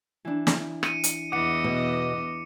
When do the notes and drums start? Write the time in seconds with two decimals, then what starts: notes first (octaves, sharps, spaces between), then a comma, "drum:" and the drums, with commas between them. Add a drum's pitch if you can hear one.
0.25 E3 D4
0.47 drum: snare
0.83 C#7 D#7, drum: rim click
1.04 drum: hi-hat
1.32 E2 E3 D#5 F#5 D6 C#7
1.64 B2